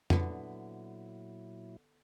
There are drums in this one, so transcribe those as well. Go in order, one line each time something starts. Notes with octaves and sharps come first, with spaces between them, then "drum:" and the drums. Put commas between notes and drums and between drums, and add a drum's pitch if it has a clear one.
A#2 D3 F#3 B3 E4, drum: tom F2